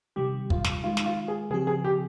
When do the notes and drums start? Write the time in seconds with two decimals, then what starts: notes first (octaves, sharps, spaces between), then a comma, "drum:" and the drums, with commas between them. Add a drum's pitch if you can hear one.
0.16 C3 D#3 G3 G4
0.50 F4, drum: kick
0.64 drum: snare
0.84 D#3 G#3 D#4 F4
0.97 drum: snare
1.06 F4
1.28 G#4
1.50 C#3 F3 C4 G4 G#4
1.67 G#4
1.84 G4